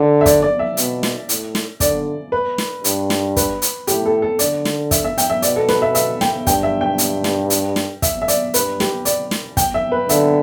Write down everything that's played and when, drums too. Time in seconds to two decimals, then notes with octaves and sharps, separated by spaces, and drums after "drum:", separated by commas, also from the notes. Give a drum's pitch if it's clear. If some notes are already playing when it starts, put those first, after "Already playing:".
Already playing: D3
0.21 E5
0.26 D5, drum: kick, hi-hat
0.43 D5
0.59 E5
0.77 B2, drum: hi-hat
1.03 drum: snare
1.29 A2, drum: hi-hat
1.55 drum: snare
1.80 D3 D5, drum: kick, hi-hat
2.32 B4
2.58 drum: snare
2.84 G2, drum: hi-hat
3.10 drum: snare
3.37 B4, drum: kick, hi-hat
3.62 drum: hi-hat
3.87 A2 G4, drum: hi-hat
4.06 A4
4.22 A4
4.39 D3 D5, drum: hi-hat
4.65 drum: snare
4.91 E5, drum: kick, hi-hat
5.04 E5
5.18 G5, drum: hi-hat
5.30 E5
5.42 B2 D5, drum: hi-hat
5.56 A4
5.68 B4, drum: snare
5.82 E5
5.95 E5, drum: hi-hat
6.21 G5, drum: snare
6.47 G2 G5, drum: kick, hi-hat
6.63 E5
6.81 G5
6.98 drum: hi-hat
7.24 drum: snare
7.50 drum: hi-hat
7.76 drum: snare
8.02 E5, drum: kick, hi-hat
8.22 E5
8.28 D5, drum: hi-hat
8.54 G2 B4, drum: hi-hat
8.80 G4, drum: snare
9.05 D5, drum: hi-hat
9.31 drum: snare
9.57 G5, drum: kick, hi-hat
9.74 E5
9.92 B4
10.09 D3 E5, drum: hi-hat